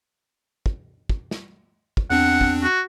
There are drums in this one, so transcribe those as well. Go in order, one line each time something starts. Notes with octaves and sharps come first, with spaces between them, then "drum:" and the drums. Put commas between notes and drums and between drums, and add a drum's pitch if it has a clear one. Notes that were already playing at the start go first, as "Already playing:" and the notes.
drum: kick
drum: kick
drum: snare
drum: kick
E2 C4 D4 F#5
drum: kick
F#4